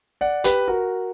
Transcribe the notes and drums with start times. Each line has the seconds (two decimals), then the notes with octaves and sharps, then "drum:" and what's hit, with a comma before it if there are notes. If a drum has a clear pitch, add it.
0.21 D5 F#5
0.44 G4 B4, drum: hi-hat
0.68 F#4 A#4